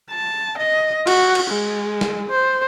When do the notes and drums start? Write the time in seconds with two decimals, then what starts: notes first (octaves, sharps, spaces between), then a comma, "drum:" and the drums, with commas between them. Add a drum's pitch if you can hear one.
0.10 A5
0.58 D#5
1.07 F#4, drum: cymbal
1.35 drum: cymbal
1.51 G#3
2.01 drum: snare
2.30 C5